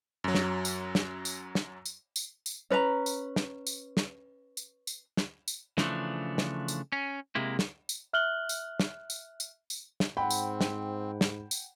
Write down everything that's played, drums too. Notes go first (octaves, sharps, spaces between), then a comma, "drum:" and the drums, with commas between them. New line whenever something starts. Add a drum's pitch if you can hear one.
F#2 F#3
drum: snare
drum: tambourine
drum: snare
drum: tambourine
drum: snare
drum: tambourine
drum: tambourine
drum: tambourine
C#4 B4 D#5 A#5
drum: tambourine
drum: snare
drum: tambourine
drum: snare
drum: tambourine
drum: tambourine
drum: snare
drum: tambourine
C#3 E3 F3 A3 D4, drum: snare
drum: snare
drum: tambourine
C#4
C3 G#3 A#3 E4
drum: snare
drum: tambourine
E5 F6 F#6 F#7 G7
drum: tambourine
drum: snare
drum: tambourine
drum: tambourine
drum: tambourine
drum: snare
G#2 C4 F#5 G5 B5
drum: tambourine
drum: snare
drum: snare
drum: tambourine